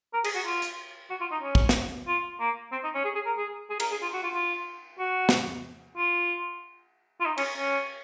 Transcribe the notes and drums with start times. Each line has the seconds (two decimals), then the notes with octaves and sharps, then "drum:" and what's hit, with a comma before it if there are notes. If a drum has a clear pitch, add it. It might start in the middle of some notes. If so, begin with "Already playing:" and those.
0.14 A#4
0.24 G#4, drum: cymbal
0.35 F#4
0.45 F4
0.62 drum: hi-hat
1.10 F#4
1.20 F4
1.31 D#4
1.42 C#4
1.55 drum: kick
1.69 drum: snare
2.07 F4
2.40 A#3
2.72 C4
2.84 D#4
2.94 C#4
3.04 G#4
3.15 G#4
3.26 A#4
3.37 G#4
3.70 G#4
3.80 A#4, drum: cymbal
3.91 G#4
4.02 F4
4.13 F#4
4.23 F4
4.34 F4
4.99 F#4
5.29 drum: snare
5.97 F4
7.20 F4
7.25 D#4
7.37 C#4, drum: cymbal
7.58 C#4